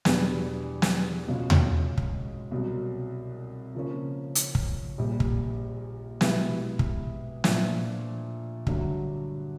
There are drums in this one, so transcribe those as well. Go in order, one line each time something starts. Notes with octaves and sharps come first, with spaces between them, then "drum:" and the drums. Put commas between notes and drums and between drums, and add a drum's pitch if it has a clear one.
E2 B2 G3 B3 D4, drum: snare
drum: snare
C#2 B2 G#3 C#4 F4
drum: tom D#2
drum: kick
C2 B2 F#3
C#3 F3 A#3 C#4
drum: hi-hat
drum: kick
A#1 A#2 G3
drum: kick
B2 G#3 B3 E4 G4, drum: snare
drum: kick
A#2 F3 A3 D4, drum: snare
G2 D3 F#3 A3, drum: kick